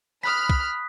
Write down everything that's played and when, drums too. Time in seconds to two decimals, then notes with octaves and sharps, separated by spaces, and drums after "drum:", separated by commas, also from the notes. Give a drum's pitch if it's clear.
0.23 B5 D#6 F6 F#6 B6
0.50 drum: kick